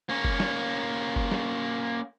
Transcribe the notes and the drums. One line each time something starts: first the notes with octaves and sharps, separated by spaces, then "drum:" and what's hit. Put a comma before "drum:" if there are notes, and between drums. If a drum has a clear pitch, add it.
A#3 C#4
drum: kick F#1
drum: snare
drum: kick F#1
drum: snare